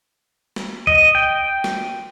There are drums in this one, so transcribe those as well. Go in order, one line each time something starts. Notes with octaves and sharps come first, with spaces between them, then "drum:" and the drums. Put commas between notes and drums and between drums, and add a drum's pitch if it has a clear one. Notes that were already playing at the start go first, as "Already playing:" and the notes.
drum: snare
D#5, drum: kick
G5
drum: snare